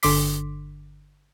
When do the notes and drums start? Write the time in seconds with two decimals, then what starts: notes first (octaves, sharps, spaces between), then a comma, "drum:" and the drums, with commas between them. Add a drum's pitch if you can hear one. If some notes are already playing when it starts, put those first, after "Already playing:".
0.03 G1 D3 C6 D6 B6, drum: open hi-hat